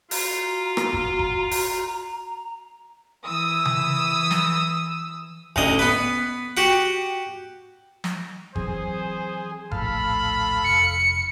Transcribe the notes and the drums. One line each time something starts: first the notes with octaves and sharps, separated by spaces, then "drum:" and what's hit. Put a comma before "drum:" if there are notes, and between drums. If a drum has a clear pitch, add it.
F4 F#4 A#5, drum: open hi-hat
drum: rim click
drum: kick F#1
drum: kick F#1
drum: open hi-hat
E3 D#6 E6
drum: tom C#3
drum: snare
A1 D2 D3 D#5, drum: kick F#1
B3 B4
F#4 G4 F#5
drum: snare
E3 F#3 C4 G#4 C5, drum: kick F#1
D#1 A#1 A2 A4 F5 B5, drum: kick F#1
F1 C#7